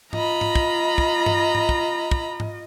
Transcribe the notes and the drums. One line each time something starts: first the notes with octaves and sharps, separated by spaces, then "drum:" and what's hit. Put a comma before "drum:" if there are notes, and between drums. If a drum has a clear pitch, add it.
F4 D#5 A#5 B5, drum: tom G#2
drum: tom G#2
drum: kick
drum: kick
drum: tom G2
drum: tom G#2
drum: kick
drum: kick
drum: tom G#2